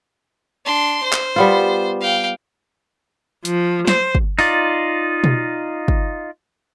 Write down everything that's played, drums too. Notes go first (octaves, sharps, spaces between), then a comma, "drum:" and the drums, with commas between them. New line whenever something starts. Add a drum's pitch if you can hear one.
D4 C6
C5
drum: clap
G3 B3 F4
F5 G5
F3, drum: hi-hat
C5, drum: snare
drum: kick
D#4 F4 D5, drum: open hi-hat
drum: tom B2
drum: kick